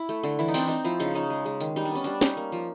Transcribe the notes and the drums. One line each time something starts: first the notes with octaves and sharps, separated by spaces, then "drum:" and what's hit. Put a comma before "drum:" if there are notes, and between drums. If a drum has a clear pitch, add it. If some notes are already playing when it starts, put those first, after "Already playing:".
Already playing: E4
A3
D3
E3 E4
D#4
C4 D4, drum: open hi-hat
C4 D#4
F3 E4
C#3 D#4
C#4 D#4
G#3
G#3
D#3, drum: tambourine
G3 D#4
D4
B3 C#4
G3 D4
C#4 D#4, drum: snare
A#3
F3